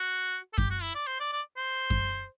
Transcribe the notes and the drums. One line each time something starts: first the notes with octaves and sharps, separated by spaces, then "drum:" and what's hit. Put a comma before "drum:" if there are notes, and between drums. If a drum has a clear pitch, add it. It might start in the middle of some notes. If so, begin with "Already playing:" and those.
Already playing: F#4
A4
G4, drum: kick F#2
F#4
E4
D5
C5
D5
D5
C5
drum: kick F#2